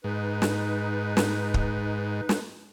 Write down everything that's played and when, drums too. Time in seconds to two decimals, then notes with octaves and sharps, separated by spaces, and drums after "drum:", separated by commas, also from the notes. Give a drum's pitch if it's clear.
0.04 G#2 D#4 B4
0.42 drum: snare
1.17 drum: snare
1.54 drum: kick
2.29 drum: snare